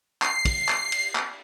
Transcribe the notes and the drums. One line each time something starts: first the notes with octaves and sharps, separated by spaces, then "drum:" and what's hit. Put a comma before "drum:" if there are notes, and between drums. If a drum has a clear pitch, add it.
C7, drum: clap
drum: kick, cymbal
drum: clap
drum: cymbal
drum: clap